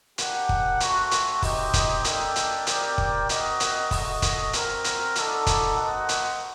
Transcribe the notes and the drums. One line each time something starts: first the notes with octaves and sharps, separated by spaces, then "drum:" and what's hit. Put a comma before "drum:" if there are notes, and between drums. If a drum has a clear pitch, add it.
D4 G4 A#4 F#5, drum: hi-hat
drum: kick
A3 C4 F#4, drum: hi-hat
drum: hi-hat
D#4 G4 C5 D#5, drum: kick, open hi-hat
drum: kick, hi-hat
A#3 D4 A4 D#5 G5, drum: hi-hat
drum: hi-hat
C4 G4 A#4 D5 G5, drum: hi-hat
drum: kick
C4 F#4 A#4 D#5, drum: hi-hat
drum: hi-hat
F#4 A4 D#5, drum: kick, open hi-hat
drum: kick, hi-hat
C4 F#4 A#4, drum: hi-hat
drum: hi-hat
D#4 F#4 A4 D5, drum: hi-hat
drum: kick, hi-hat
A#3 F#4 C5 D#5 F#5
drum: hi-hat